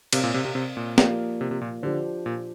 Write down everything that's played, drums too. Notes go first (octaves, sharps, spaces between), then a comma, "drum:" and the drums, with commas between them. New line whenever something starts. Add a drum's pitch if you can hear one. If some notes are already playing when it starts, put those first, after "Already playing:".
C3 C4 A#4 D5 F5, drum: cymbal
A#2
C3
C3
C3
A#2
F3 A#3 G4 D5 F5, drum: snare
C3
C3
A#2
D3 F3 D4 G4 C5
A#2